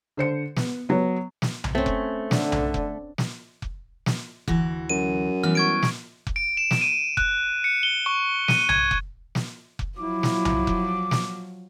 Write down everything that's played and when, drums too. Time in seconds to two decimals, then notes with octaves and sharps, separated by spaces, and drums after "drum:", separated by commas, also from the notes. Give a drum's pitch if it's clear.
0.17 D3 C5 C#7
0.56 B3, drum: snare
0.89 F#3 B3
1.42 drum: snare
1.64 drum: tom B1
1.75 A3 C4 C#4
1.86 drum: kick F1
2.31 D3, drum: snare
2.52 drum: tom B1
2.74 drum: kick F1
3.18 drum: snare
3.62 drum: kick F1
4.06 drum: snare
4.48 D2 E3 F#4, drum: kick F1
4.90 F#2 D#7
5.44 E3 G3 B3 F6
5.55 C#6 G#6 D7
5.82 drum: snare
6.27 drum: kick F1
6.36 D7
6.57 E7
6.71 drum: snare
6.81 D#7
7.17 F#6, drum: kick F1
7.64 C#7
7.83 G7
8.06 C#6
8.48 D#7, drum: snare
8.69 G#6, drum: tom B1
8.91 drum: kick F1
9.35 drum: snare
9.79 drum: kick F1
9.99 F3 F#3 E4 D6
10.23 drum: snare
10.45 drum: tom B1
10.67 drum: kick F1
11.11 drum: snare